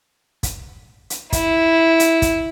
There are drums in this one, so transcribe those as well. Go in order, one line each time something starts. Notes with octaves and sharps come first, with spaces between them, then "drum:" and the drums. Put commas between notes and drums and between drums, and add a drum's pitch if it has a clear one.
drum: kick, hi-hat
drum: hi-hat
E4, drum: kick, hi-hat
drum: hi-hat
drum: kick, hi-hat